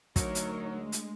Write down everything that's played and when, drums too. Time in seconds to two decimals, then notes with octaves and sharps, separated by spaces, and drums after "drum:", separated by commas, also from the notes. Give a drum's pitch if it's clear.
0.16 D2 F#3 D#4 A#4 C#5, drum: kick, hi-hat
0.35 drum: hi-hat
0.75 G#3
0.92 drum: hi-hat